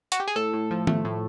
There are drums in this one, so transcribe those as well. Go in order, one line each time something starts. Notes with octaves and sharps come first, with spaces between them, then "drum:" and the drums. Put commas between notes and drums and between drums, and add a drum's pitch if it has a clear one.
F#4, drum: hi-hat
G4
G#4
A2 A4
A2
F3
A3, drum: tom D#3
A2